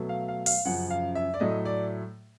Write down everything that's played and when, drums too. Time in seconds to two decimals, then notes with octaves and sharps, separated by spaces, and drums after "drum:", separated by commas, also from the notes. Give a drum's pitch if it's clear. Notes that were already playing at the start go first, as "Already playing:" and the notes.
Already playing: B2 F#3 A3
0.09 F5
0.28 F5
0.46 F5, drum: open hi-hat
0.65 F#2 C#3 F3 F#5
0.90 F5
1.15 E5
1.34 D5
1.40 A2 F#3 A3 D#5
1.65 D5